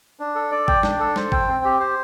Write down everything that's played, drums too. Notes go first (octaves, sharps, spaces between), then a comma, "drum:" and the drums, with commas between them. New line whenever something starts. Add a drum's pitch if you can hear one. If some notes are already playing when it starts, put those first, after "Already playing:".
D4
A4
D5
G5, drum: kick G#1
D4, drum: snare
A4
C5, drum: snare
G5, drum: kick G#1
C4
G4
C5